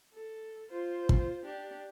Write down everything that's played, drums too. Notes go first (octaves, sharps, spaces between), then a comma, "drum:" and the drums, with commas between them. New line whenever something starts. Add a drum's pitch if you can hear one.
A4
F4 C5
drum: kick
D4 G4